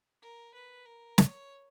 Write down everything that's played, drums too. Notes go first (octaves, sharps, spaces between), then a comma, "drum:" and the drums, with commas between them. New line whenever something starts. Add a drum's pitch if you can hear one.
A#4
B4
A#4
C#5, drum: snare